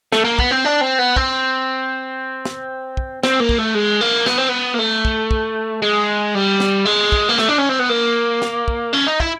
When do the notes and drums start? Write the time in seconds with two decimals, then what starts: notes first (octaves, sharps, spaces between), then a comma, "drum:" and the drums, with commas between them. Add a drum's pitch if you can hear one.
0.12 A3, drum: snare
0.24 A#3
0.39 B3, drum: kick
0.51 C4
0.65 D4
0.81 C4
0.99 B3
1.16 C4, drum: kick
2.45 drum: snare
2.97 drum: kick
3.23 C4, drum: snare
3.40 A#3
3.49 drum: kick
3.58 A3
3.74 G#3
4.01 A#3
4.26 B3, drum: snare
4.38 C4
4.49 B3
4.75 A#3
4.79 A3
5.05 drum: kick
5.31 drum: kick
5.82 G#3
6.35 G3
6.60 drum: snare
6.86 G#3
7.12 drum: kick
7.29 A#3
7.39 A3, drum: snare
7.49 D4
7.58 C#4
7.69 C4
7.79 B3
7.89 A#3
8.42 drum: snare
8.68 drum: kick
8.93 C#4
9.07 D#4
9.20 E4, drum: kick